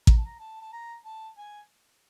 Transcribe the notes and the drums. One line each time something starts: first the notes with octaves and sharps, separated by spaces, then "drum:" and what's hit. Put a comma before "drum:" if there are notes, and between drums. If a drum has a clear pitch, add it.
A#5, drum: kick A1
A5
A#5
A5
A5
A#5
A5
G#5